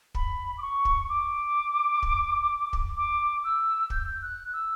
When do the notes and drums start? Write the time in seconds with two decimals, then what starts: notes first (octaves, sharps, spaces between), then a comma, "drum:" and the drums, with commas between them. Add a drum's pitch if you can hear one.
0.15 B5, drum: kick
0.58 D6
0.61 C#6
0.85 drum: kick
1.09 D6
2.03 drum: kick
2.73 drum: kick
2.96 D6
3.44 E6
3.90 G6, drum: kick
4.21 F#6
4.53 E6